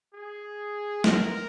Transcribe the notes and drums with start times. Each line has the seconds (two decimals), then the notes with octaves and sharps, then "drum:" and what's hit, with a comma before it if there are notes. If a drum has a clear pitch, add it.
0.14 G#4
1.04 A#4, drum: snare